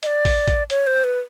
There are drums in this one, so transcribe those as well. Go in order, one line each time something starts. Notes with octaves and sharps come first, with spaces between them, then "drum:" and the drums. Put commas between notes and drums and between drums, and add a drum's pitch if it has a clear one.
D#5, drum: hi-hat
D5
drum: kick, open hi-hat
drum: kick, hi-hat
C#5, drum: hi-hat
C5
B4